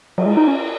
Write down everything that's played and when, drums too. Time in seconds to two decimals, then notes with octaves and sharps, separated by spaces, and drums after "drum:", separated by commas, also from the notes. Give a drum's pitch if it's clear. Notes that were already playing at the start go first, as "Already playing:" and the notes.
0.18 F#3, drum: cymbal
0.26 G#3
0.37 D#4
0.48 C#4